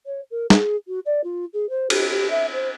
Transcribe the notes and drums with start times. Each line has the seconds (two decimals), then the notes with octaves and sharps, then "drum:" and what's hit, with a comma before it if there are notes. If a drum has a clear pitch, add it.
0.06 C#5
0.31 A#4
0.50 G#4, drum: snare
0.88 F#4
1.06 D5
1.24 F4
1.54 G#4
1.70 C5
1.90 G4, drum: cymbal
2.11 G4
2.30 E5
2.53 C5